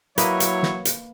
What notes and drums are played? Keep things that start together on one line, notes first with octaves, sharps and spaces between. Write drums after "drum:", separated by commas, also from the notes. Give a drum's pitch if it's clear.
F#3 A#3 E4 B4 C#5 D#5, drum: hi-hat
drum: hi-hat
drum: snare
drum: hi-hat